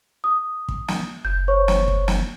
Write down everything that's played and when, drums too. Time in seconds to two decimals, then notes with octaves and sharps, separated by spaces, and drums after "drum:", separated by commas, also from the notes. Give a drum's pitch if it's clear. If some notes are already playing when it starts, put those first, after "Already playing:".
0.24 D#6
0.68 drum: kick
0.88 drum: snare
1.25 F#1 G6
1.48 C5 C#5 C#6
1.68 drum: snare
1.88 drum: kick
2.08 drum: snare